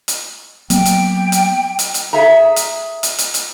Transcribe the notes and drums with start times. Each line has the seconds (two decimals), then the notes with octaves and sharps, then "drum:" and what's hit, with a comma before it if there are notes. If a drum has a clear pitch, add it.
0.08 drum: hi-hat
0.70 F#3 A#3 B3 G5, drum: hi-hat
0.86 drum: hi-hat
1.32 drum: hi-hat
1.79 drum: hi-hat
1.94 drum: hi-hat
2.13 G#4 E5 A#5
2.56 drum: hi-hat
3.03 drum: hi-hat
3.18 drum: hi-hat
3.34 drum: hi-hat